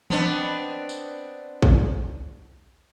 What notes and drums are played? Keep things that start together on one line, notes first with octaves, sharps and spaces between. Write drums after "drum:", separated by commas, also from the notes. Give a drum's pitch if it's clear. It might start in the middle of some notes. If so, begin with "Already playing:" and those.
B3 C4 D4, drum: tom
drum: tambourine
drum: kick